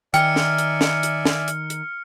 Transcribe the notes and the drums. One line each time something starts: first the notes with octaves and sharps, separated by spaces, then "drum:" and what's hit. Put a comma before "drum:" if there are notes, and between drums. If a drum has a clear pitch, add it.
D#3 D5 E5 G5 G#5 F6 C#7, drum: hi-hat
drum: snare
drum: hi-hat
drum: snare
drum: hi-hat
drum: snare
drum: hi-hat
drum: hi-hat